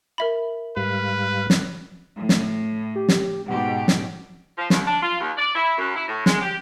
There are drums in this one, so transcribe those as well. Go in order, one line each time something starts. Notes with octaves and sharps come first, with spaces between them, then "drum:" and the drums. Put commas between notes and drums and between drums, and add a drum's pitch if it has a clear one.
A#4 E5 B5
G#2 G3 B4 F5
drum: snare
A2
drum: snare
G4
drum: snare
G#2 B2 G4 F#5
drum: snare
F3
D#2, drum: snare
D4
F4
D#2
D5
E4
F#2
E4
A2
G#3, drum: snare
G4